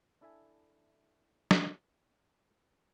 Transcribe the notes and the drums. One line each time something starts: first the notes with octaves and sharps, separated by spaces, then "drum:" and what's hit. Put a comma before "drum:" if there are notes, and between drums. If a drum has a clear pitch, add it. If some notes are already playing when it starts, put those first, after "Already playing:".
D4 E4 A4 E5 G#5
drum: snare